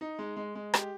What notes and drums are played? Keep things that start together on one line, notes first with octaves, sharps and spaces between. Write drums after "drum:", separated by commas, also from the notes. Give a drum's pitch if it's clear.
D#4
G#3
G#3
G#3
G4, drum: rim click